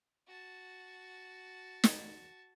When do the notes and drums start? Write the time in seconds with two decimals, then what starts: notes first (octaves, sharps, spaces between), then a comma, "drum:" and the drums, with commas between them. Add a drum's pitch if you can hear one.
0.27 F#4 A5
1.84 drum: snare